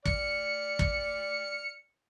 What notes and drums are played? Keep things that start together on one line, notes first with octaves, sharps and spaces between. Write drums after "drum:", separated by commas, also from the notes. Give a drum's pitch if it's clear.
D5 F6 C#7, drum: kick
drum: kick